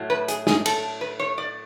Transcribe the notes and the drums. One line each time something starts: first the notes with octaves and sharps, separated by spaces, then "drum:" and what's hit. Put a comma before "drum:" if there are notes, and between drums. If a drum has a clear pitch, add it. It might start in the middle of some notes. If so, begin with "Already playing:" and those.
Already playing: A2 F#3 A3
B4
G#4, drum: hi-hat
G#4, drum: snare
A4, drum: cymbal
B4
C#5
D5